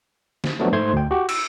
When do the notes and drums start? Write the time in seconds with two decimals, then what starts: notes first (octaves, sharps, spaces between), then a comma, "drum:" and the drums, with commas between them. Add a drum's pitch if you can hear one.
0.44 drum: snare
0.59 F3 F#3 A3 B3 D4
0.73 G#2 A3 C5 C6 G#6
0.93 D2 G5
1.11 F#4 G4
1.29 E6, drum: cymbal